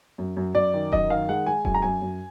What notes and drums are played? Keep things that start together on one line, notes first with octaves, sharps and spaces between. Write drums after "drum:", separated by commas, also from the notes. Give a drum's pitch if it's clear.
F#2
F#2
F#2 D5
D#3
F#2 D#5, drum: kick D#1
D#3 F5
G#3 F#5
G#3 G#5
F#2 G#5, drum: kick D#1
A#5
F#2 G#5
F#2